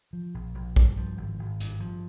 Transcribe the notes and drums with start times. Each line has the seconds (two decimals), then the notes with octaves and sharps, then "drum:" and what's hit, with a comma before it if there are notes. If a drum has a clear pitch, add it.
0.13 F3
0.34 A#1
0.55 A#1
0.76 G2, drum: kick A#1
0.97 F3
1.17 G#1
1.39 G#1
1.60 G2, drum: hi-hat
1.80 F3